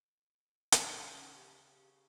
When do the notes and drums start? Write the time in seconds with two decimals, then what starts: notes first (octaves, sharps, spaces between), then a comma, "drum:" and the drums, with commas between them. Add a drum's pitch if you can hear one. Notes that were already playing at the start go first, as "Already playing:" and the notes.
0.72 C#3 C#4, drum: hi-hat
1.36 G4